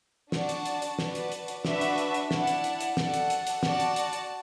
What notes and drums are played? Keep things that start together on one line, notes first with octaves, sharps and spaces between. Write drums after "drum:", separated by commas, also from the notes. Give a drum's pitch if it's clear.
D4 F#4 D5 A5, drum: snare
drum: hi-hat
drum: hi-hat
drum: hi-hat
F#4 B4 D5 A5, drum: snare
drum: hi-hat
drum: hi-hat
drum: hi-hat
D4 F#4 B4 E5, drum: snare
drum: hi-hat
drum: hi-hat
drum: hi-hat
E4 D5 F#5 A5, drum: snare
drum: hi-hat
drum: hi-hat
drum: hi-hat
F#4 A4 D5 F#5 A5, drum: snare
drum: hi-hat
drum: hi-hat
drum: hi-hat
F#4 D5 A5, drum: snare
drum: hi-hat
drum: hi-hat
drum: hi-hat